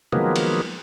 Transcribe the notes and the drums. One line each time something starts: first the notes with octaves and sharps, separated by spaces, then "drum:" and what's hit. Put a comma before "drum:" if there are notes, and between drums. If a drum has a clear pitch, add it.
D#3 F3 F#3 G#3 A#3 B3, drum: tom
drum: cymbal